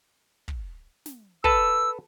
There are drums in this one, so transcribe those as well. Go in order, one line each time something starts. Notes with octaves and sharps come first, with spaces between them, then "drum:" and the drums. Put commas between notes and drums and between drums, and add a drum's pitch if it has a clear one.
drum: kick
drum: snare
A4 B4 A5 E6, drum: kick